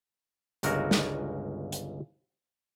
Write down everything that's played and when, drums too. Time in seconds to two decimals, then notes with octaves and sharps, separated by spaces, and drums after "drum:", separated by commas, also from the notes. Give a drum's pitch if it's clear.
0.63 G1 C#2 F#4 A#4, drum: hi-hat
0.91 drum: snare
1.72 drum: hi-hat